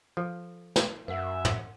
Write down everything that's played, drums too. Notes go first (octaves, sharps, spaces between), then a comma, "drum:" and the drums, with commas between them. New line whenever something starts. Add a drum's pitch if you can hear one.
F3 A4
drum: snare
F#2 A#4 E5 F#5
drum: tom